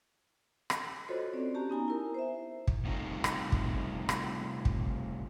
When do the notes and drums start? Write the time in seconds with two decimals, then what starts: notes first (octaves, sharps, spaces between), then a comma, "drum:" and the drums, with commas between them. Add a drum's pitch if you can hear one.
0.70 drum: rim click
1.08 F4 F#4 A4 C5 C#5 D#5
1.33 C4 C#4 D5
1.55 C#4 F#4 G4 A5 A#5
1.70 B3 D#4 G#5 A#5
1.88 E4 A#4
2.14 C5 E5
2.68 drum: kick
2.85 C3 G3 A3 C4 D#4 F4
3.24 drum: rim click
3.52 drum: kick
4.09 drum: rim click
4.65 drum: kick